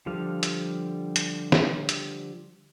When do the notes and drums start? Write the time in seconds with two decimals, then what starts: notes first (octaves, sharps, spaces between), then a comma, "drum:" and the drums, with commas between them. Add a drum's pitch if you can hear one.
0.06 D3 F3 G3 F5
0.43 drum: hi-hat
1.16 drum: hi-hat
1.52 drum: snare
1.89 drum: hi-hat